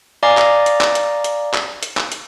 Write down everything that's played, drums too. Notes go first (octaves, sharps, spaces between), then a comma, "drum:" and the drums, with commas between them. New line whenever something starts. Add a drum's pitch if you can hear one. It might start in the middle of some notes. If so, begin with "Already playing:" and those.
D5 D#5 F5 G#5 A#5 D6
drum: clap
drum: hi-hat
drum: clap
drum: hi-hat
drum: hi-hat
drum: clap
drum: hi-hat
drum: clap
drum: hi-hat